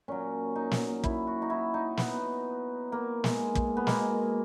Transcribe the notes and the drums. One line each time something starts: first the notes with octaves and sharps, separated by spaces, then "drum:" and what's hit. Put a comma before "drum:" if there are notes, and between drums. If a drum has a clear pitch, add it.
A#2 F#3 C#4
D#4
drum: snare
E4, drum: kick
F#4
D#4
E4
D#4
B3, drum: snare
A#3
G#3, drum: snare
drum: kick
B3
B2 G#3 A#3, drum: snare